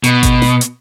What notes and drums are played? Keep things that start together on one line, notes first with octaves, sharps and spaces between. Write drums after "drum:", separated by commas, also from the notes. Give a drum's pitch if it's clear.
B2, drum: hi-hat
drum: kick G#1, hi-hat
drum: snare
drum: hi-hat